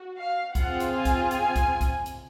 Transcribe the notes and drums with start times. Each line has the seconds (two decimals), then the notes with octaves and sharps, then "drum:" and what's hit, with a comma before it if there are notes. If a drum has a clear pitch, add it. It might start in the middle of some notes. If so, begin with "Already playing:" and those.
Already playing: F#4
0.18 F5
0.55 C4 F4 G#4 F#5, drum: kick C2, hi-hat
0.80 drum: hi-hat
0.93 G#5
1.05 drum: kick C2, hi-hat
1.31 G#5, drum: hi-hat
1.56 drum: kick C2, hi-hat
1.81 drum: kick C2, hi-hat
2.06 drum: hi-hat